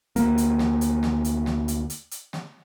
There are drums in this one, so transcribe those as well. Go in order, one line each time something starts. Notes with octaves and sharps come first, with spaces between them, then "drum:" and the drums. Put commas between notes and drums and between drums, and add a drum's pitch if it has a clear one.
D2 A#3, drum: hi-hat
drum: hi-hat
drum: snare
drum: hi-hat
drum: snare
drum: hi-hat
drum: snare
drum: hi-hat
drum: hi-hat
drum: hi-hat
drum: snare